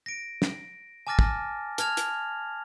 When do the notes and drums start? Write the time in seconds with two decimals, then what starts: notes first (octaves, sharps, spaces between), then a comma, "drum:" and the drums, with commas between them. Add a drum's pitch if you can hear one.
0.06 A#6 D7
0.42 drum: snare
1.07 G#5 A5 D6 F6 A6 A#6
1.19 drum: kick
1.78 A5 F6 G#6 F7, drum: hi-hat
1.97 drum: hi-hat